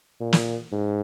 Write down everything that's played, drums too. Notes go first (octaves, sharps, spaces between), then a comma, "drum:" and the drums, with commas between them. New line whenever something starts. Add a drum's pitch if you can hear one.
A#2
drum: snare
G#2